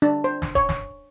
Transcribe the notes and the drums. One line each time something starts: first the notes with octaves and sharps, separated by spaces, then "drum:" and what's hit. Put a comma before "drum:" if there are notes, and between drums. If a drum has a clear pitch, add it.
D4
C5
drum: snare
C#5, drum: kick D#1
drum: snare